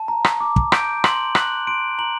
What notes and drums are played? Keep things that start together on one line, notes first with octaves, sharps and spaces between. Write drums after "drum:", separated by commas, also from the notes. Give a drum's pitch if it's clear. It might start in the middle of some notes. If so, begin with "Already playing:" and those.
Already playing: A5
A#5
drum: rim click
D6
drum: kick
G6 D7, drum: rim click
C6 F#7, drum: rim click
F#6 F#7, drum: rim click
C6 D7
A#5 F#7